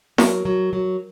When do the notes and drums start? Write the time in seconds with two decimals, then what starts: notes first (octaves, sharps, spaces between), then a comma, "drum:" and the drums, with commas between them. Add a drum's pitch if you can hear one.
0.18 F#3 A#4, drum: snare E4
0.45 F#3
0.73 F#3